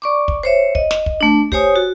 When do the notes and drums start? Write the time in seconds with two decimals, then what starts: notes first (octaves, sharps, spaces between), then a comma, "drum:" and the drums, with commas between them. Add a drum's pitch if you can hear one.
0.02 D5 C#6 D6
0.28 drum: kick
0.43 C5 C#5 E5
0.75 D#5, drum: kick
0.91 drum: snare
1.06 drum: kick
1.21 A3 D4
1.52 G4 C5 C#5 G#5 D#6, drum: kick
1.76 F#4